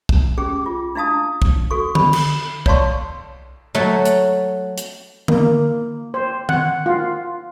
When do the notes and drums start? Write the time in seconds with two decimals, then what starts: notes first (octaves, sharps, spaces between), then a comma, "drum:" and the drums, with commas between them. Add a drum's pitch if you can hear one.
0.09 drum: kick
0.38 C#4 G4 G#4 D6
0.66 F4
0.95 D4 E4 F5 A5 D#6
1.42 drum: kick
1.71 F#4 A4 C#6
1.95 B5, drum: tom D3
2.13 drum: cymbal
2.66 C#5 D5 F5 A5 C6 C#6, drum: kick
3.75 F#3 A3
4.05 drum: hi-hat
4.78 drum: hi-hat
5.28 A#3, drum: tom D3
6.14 C5
6.49 F#5, drum: tom D#3
6.86 F4